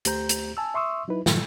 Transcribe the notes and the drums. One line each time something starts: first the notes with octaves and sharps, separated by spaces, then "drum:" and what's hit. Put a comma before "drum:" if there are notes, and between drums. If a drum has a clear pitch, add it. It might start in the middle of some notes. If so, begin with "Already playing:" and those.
D2 A3 G4 C5 A#5 G6, drum: hi-hat
drum: hi-hat
G#5 A5 E6
E5 C6 C#6 D#6 E6
F#3 D#4 E4 B4
G2 A#2 D#3 F3 F#3, drum: snare